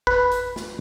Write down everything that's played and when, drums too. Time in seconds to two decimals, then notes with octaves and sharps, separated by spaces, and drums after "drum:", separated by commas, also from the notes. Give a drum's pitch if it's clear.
0.07 B4, drum: kick G#1
0.32 drum: hi-hat
0.56 drum: snare